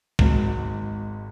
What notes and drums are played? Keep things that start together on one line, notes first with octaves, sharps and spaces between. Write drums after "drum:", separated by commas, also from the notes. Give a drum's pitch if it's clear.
G#1 G#2 F#3, drum: kick